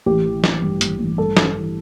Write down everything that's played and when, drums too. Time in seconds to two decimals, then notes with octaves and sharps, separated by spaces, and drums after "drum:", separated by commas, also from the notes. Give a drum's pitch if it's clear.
0.06 A1 G4
0.25 E3
0.44 E3, drum: snare
0.62 G2
0.81 A1, drum: hi-hat
0.99 A1
1.18 G2 A4
1.37 E3, drum: snare
1.55 E3